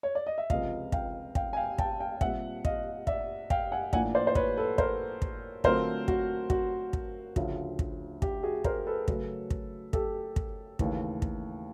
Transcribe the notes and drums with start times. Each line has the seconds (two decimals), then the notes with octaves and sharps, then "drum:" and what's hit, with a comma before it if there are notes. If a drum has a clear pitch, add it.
0.03 C#5
0.15 D5
0.26 D#5
0.38 E5
0.50 C#2 C3 F3 D#5 F5, drum: kick
0.92 F5 G5, drum: kick
1.35 F5 G5, drum: kick
1.53 G#5
1.57 F5 G5
1.78 G5 A5, drum: kick
2.00 F5 G5
2.21 A#2 G3 C4 E5 F#5, drum: kick
2.65 D#5 F5, drum: kick
3.07 D5 E5, drum: kick
3.50 F5 G5, drum: kick
3.72 F#5 G#5
3.93 A2 F3 A#3 D4 F#5 G#5, drum: kick
4.15 C5 D5
4.27 C5
4.35 B4 C#5, drum: kick
4.57 A4 B4
4.78 A#4 C5, drum: kick
5.22 drum: kick
5.64 D3 F#3 A3 C4 F4 A#4 C5, drum: kick
6.08 F#4, drum: kick
6.50 F#4, drum: kick
6.93 drum: kick
7.36 D2 C#3 F3, drum: kick
7.79 drum: kick
8.22 G4, drum: kick
8.43 F#4 G#4
8.64 A#4 C5, drum: kick
8.87 A4 B4
9.08 C#3 F#3 A3 C#4, drum: kick
9.51 drum: kick
9.93 G4 A4, drum: kick
10.36 drum: kick
10.79 D#2 C#3 E3 A3, drum: kick
11.22 drum: kick